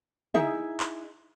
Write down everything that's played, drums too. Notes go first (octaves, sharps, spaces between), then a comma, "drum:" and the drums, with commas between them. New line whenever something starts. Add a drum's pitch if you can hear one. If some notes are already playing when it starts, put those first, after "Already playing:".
D#4 E4 G#4 E5, drum: tom
drum: clap